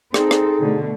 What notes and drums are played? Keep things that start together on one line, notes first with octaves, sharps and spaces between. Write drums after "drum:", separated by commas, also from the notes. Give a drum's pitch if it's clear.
C4 D#4 G#4 A4, drum: rim click
drum: rim click
B2 D3 A3